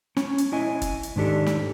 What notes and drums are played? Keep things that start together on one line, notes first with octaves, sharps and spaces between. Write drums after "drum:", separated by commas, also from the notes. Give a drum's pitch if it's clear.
C#4, drum: snare
drum: hi-hat
E4 D#5 G#5
drum: kick, hi-hat
drum: hi-hat
G#2 D#3 D4 G4 A4
drum: snare